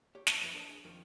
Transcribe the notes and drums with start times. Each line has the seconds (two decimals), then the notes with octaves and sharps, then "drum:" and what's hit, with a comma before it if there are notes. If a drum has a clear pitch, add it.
0.15 G4 C#5
0.27 E2 A5, drum: snare
0.41 F2 E3 B4
0.53 D4 A4 C#5 D#5
0.69 G#4
0.84 F2 D#3